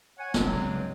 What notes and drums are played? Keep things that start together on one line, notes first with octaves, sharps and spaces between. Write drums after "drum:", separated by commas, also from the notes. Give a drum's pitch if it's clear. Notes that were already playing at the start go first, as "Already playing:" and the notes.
C#5 F#5 G#5
F1 A#1 F#3 G#3 C4, drum: snare
C#2 G2